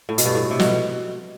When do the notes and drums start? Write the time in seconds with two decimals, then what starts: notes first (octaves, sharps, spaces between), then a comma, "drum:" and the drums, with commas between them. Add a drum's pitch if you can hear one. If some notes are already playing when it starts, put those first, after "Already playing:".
0.09 A2
0.18 B2, drum: hi-hat
0.26 G2
0.35 A2
0.51 C3
0.60 B2, drum: snare